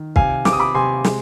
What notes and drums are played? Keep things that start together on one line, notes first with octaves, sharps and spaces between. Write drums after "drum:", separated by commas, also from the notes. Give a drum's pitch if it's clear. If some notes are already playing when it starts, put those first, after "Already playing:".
Already playing: D#3
C3 F5 G#5, drum: kick
C3 D6, drum: snare
D#6
B5 D6
C3 G#5 C6
G#3, drum: snare